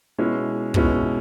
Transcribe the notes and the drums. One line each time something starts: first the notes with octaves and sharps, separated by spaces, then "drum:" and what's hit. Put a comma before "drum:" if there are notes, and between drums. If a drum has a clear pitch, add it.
B2 G#3 C#4 E4
B2 G#3 C#4 E4, drum: kick